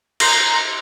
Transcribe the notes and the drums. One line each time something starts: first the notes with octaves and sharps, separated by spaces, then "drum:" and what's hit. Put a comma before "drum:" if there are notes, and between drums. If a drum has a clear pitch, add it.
A#5 C6 G6 A#6, drum: cymbal